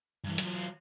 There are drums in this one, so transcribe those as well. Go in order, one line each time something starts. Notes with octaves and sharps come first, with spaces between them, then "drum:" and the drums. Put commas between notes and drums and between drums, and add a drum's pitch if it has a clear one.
G2 E3
F#3 F4, drum: hi-hat